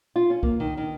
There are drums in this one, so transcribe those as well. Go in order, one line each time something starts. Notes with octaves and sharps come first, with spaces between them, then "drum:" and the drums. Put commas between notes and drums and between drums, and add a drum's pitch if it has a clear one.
F4
C#4
A#3, drum: kick C2
D#3
D#3